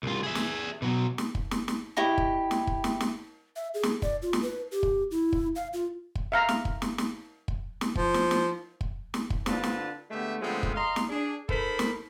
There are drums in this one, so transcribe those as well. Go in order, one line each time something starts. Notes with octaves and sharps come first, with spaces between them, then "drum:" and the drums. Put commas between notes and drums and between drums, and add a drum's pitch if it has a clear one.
C2 F4
G#4 E5
drum: snare
B2 F#3
drum: snare
drum: kick
drum: snare
drum: snare
E4 G4 D#5 C#6
drum: kick
drum: snare
drum: kick
drum: snare
drum: snare
E5
G#4
drum: snare
D5, drum: kick
F4
drum: snare
B4
G4
drum: kick
E4
drum: kick
F5
F4
drum: kick
E5 F5 A#5
drum: snare
drum: kick
drum: snare
drum: snare
drum: kick
drum: snare
F3, drum: kick
drum: snare
drum: snare
drum: kick
drum: snare
drum: kick
D3 C4 D4 F4 B4 A5, drum: snare
drum: snare
D3 G#3 A3 B3 G4 E5
D3 F3 G#3 A3 B3 C4
drum: kick
D#5 F5 A#5 C6
drum: snare
D4 G#4
D#4 A4 A#4 C5 B5, drum: kick
drum: snare